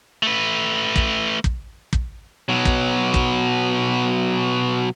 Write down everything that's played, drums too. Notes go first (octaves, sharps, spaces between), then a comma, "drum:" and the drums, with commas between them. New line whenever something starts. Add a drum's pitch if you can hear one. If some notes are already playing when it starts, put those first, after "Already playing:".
A3 B4
drum: kick
drum: kick
drum: kick
B2 F#3
drum: kick
drum: kick